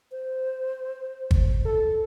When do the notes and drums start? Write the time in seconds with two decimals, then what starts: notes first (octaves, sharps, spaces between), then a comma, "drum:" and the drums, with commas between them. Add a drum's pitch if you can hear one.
0.11 C5
1.31 drum: kick
1.66 A4